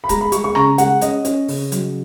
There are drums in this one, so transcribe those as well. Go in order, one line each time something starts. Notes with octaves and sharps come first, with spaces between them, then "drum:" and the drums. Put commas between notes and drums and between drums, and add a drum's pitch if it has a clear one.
B5
G#3 A#5, drum: kick C#1, hi-hat
B5
G#3 C#6, drum: hi-hat
C#6
C#3 A#5, drum: rim click
G#3 F#5, drum: hi-hat
C#4 D#5, drum: hi-hat
C#4, drum: hi-hat
C#3, drum: open hi-hat
F#3, drum: hi-hat